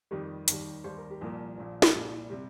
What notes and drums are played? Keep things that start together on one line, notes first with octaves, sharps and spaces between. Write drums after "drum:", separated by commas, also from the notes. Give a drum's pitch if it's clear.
F2 D#3 G3 G4
D#2 D#3 G3, drum: hi-hat
D#2 D#3 G3 C5
A#4
G4
C2 A#2 F3 A#3 A#4
A#1 A#2 F3
drum: snare
C2 A#2 G3
C3 G3